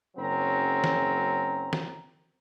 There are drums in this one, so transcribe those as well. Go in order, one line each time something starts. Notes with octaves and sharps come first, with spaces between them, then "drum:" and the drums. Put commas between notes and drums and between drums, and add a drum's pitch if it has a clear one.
F#1 C#3 F#3 C4 C#4 A#5
drum: snare
drum: snare